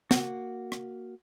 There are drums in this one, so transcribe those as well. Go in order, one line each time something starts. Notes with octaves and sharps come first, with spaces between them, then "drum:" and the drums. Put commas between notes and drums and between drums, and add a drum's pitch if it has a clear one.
A#3 F#4, drum: snare
drum: rim click